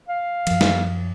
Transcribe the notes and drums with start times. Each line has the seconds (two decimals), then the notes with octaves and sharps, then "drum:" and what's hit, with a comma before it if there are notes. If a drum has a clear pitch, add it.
0.08 F5
0.47 F#2 F3, drum: cymbal
0.61 drum: snare